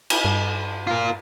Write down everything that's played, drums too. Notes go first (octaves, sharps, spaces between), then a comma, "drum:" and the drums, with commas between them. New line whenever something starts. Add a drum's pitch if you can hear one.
drum: cymbal
G2
F4 A#4